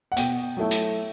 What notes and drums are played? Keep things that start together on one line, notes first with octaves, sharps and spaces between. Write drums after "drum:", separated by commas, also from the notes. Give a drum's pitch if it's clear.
F#5
B2 G5, drum: hi-hat
F#3 A3 E4
drum: hi-hat